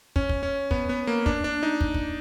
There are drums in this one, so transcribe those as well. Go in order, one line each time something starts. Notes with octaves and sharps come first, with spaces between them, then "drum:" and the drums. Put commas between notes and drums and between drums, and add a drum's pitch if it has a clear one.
C#4, drum: kick
drum: kick
C#4
B3, drum: kick
B3
A#3
D4, drum: kick
D4
D#4
drum: kick
drum: kick